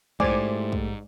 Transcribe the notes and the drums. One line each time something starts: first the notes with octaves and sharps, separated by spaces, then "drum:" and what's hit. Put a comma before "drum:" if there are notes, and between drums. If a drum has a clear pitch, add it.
G#2 A3 E4 G4 C5 D5 G#5 D6, drum: kick
drum: kick